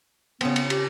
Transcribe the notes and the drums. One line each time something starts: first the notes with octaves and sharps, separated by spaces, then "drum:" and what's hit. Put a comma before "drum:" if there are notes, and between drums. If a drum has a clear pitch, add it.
C#3 B3 C4, drum: cymbal
drum: cymbal
G4, drum: cymbal